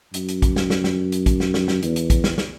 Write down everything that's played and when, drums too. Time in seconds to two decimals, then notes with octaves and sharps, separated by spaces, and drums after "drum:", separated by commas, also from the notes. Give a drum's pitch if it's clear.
0.14 F#2, drum: hi-hat
0.28 drum: hi-hat
0.42 drum: kick, hi-hat
0.56 drum: snare
0.70 drum: snare
0.84 drum: snare
1.12 drum: hi-hat
1.26 drum: kick, hi-hat
1.40 drum: snare
1.54 drum: snare
1.68 drum: snare
1.82 E2, drum: hi-hat
1.96 drum: hi-hat
2.10 drum: kick, hi-hat
2.24 drum: snare
2.38 drum: snare